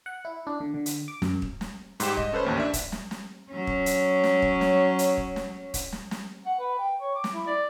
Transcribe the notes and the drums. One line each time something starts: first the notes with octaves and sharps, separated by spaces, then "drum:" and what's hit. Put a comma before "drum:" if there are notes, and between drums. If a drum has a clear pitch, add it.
F#5
E4
D4
D3
D3
drum: hi-hat
D6
F#2, drum: snare
drum: kick
drum: snare
G#2 G3 G4 E7, drum: hi-hat
D#5, drum: kick
C#4 A4 B4 C5
A1 D#2 A#3
D4 E5
drum: kick, hi-hat
drum: snare
drum: snare
F#3 C#4
drum: kick
drum: hi-hat
drum: snare
drum: kick
drum: snare
drum: hi-hat
drum: kick
drum: snare
drum: kick, hi-hat
drum: snare
drum: snare
F#5
B4
G5
C#5
D6
drum: snare
E4
D5